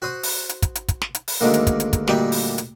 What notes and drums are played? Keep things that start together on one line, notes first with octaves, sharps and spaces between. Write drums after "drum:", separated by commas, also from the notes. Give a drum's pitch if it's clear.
F#4 C5 D#6
drum: open hi-hat
drum: hi-hat
drum: kick, hi-hat
drum: hi-hat
drum: kick, hi-hat
drum: snare
drum: hi-hat
drum: open hi-hat
D2 G#2 D3 D#3 A#3
drum: hi-hat
drum: kick, hi-hat
drum: hi-hat
drum: kick, hi-hat
D2 A#2 G3 D#4 G5, drum: snare
drum: open hi-hat
drum: hi-hat